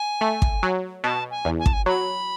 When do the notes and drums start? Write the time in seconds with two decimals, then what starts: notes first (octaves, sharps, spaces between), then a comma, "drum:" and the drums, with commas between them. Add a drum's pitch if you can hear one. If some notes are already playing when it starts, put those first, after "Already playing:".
Already playing: G#5
0.21 A3
0.42 drum: kick
0.63 F#3
1.04 B2 A5
1.31 G#5
1.45 E2
1.59 G#5
1.66 A5, drum: kick
1.73 G#5
1.86 F#3 B5